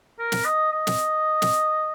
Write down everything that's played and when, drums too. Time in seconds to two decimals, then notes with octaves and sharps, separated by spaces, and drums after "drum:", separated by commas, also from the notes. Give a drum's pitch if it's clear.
0.19 A#4
0.32 drum: snare
0.45 D#5
0.72 D#5
0.87 drum: snare
1.42 drum: snare